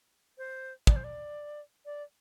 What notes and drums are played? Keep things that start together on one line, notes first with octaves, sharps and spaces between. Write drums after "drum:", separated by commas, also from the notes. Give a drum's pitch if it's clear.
C5
D5, drum: kick
C5
D5
D5